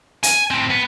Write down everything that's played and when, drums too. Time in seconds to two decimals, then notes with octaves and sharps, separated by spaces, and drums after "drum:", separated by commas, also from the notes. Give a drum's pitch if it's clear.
0.23 G#5, drum: hi-hat
0.50 A2 C4
0.70 B3